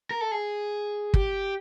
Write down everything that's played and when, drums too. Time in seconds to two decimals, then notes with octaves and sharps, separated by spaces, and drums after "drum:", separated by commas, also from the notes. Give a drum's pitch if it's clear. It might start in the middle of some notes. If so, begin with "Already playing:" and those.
0.11 A#4
0.21 A4
0.31 G#4
1.14 G4, drum: kick